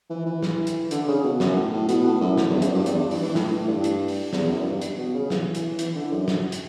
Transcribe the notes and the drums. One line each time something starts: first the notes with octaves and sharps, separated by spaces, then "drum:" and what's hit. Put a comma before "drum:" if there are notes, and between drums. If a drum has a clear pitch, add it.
E3
E3
drum: snare
drum: hi-hat
D3, drum: hi-hat
C#3
B2
F#2, drum: snare
A2
A2
B2, drum: hi-hat
A2
F#2
drum: snare
E2
G2
F#2, drum: hi-hat
G2
E2, drum: hi-hat
G2
E3, drum: open hi-hat
E3
A2, drum: snare
A2
G2
drum: hi-hat
drum: open hi-hat
E2, drum: snare
F#2
G2
drum: hi-hat
B2
C#3
E3, drum: snare
drum: hi-hat
E3, drum: hi-hat
D3
F#2
F#2, drum: snare
drum: hi-hat